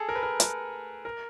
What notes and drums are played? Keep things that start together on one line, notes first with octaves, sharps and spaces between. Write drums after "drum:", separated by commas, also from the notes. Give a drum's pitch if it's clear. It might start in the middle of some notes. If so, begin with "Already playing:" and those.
Already playing: G#4 A4
A#4
B4
A#4
drum: hi-hat
A#4